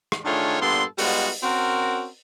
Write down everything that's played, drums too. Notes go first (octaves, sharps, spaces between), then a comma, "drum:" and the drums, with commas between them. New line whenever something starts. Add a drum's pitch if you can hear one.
drum: rim click
D#3 A3 D4 F4 G#4 C#5
G2 A#2 B3 A4 C6
G3 G#3 B3 D#4 F4 F#4, drum: open hi-hat
C4 C#4 F#4 A#4